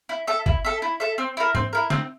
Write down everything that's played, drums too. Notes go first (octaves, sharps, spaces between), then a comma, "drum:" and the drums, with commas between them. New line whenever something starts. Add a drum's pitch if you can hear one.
E4
A4 E5
E4, drum: kick
A4 E5
E4
A4 E5
C4
E4 A#4
C4, drum: tom G#2
E4 A#4
C4, drum: snare